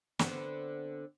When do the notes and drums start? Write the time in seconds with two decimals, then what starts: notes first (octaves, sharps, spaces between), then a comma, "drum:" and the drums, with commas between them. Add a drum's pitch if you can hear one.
0.19 D3 B3 C4, drum: snare